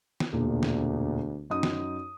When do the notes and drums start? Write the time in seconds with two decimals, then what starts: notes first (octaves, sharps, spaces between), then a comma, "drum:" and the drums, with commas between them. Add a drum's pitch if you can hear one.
0.20 drum: snare
0.33 E1 D2 A#2
0.63 drum: snare
1.50 F#2 D#4 D#6
1.63 drum: snare